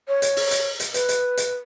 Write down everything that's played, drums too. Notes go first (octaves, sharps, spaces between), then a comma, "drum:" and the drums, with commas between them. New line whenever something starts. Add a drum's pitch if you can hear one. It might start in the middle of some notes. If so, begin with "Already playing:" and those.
C#5
drum: hi-hat
drum: open hi-hat
drum: hi-hat
drum: hi-hat
B4, drum: hi-hat
drum: hi-hat
drum: hi-hat